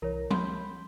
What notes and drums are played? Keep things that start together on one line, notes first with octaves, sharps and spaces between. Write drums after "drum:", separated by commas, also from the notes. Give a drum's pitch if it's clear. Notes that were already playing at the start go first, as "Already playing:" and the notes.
C2 E3 A#4 C#5 A#5
B5 C6 G6, drum: tom F3